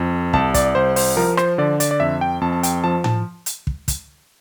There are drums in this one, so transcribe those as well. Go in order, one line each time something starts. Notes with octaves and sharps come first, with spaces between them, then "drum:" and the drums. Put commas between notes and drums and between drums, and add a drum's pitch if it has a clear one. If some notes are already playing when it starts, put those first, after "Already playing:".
Already playing: F2
C2 A5, drum: kick
D5, drum: kick, hi-hat
C2 C5
C5, drum: open hi-hat
F3 A#4
C5, drum: rim click
D3 D5
D5, drum: hi-hat
D5
F2 E5
G5
F2 A5
A5
G5, drum: hi-hat
F3 A5
A5, drum: tom A2
drum: hi-hat
drum: kick
drum: kick, hi-hat